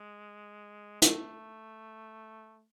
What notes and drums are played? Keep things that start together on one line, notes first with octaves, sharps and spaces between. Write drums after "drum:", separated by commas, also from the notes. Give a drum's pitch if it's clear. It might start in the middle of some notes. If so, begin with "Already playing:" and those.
Already playing: G#3
A3, drum: hi-hat